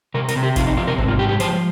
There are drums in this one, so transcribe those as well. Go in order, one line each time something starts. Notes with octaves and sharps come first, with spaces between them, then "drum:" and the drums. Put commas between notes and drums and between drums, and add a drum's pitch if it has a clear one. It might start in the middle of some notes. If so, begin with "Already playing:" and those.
C3 A#4
A#4, drum: hi-hat
C3
G4
F2 F4, drum: kick, hi-hat
D#4
C3 F4
A#4
G#2 C4, drum: kick
F4
G#3 G4
G4
F3 C5, drum: hi-hat